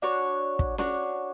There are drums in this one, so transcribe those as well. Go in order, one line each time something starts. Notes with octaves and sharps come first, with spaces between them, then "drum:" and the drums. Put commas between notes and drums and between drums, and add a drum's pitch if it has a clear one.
D4 F#4 C#5
drum: kick
D4 F#4 C#5, drum: snare C#4